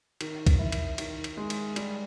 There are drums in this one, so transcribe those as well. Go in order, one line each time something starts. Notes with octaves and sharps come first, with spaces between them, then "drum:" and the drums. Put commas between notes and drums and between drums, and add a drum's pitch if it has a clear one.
D#3, drum: cymbal
drum: kick B1, cymbal
E4
drum: cymbal
D#3, drum: cymbal
drum: cymbal
G#3
drum: cymbal
G3, drum: cymbal